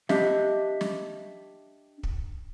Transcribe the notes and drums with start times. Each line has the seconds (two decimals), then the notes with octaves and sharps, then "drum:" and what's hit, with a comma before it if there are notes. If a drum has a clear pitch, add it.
0.09 D4 G4 D#5 E5, drum: snare
0.81 drum: snare
2.03 drum: kick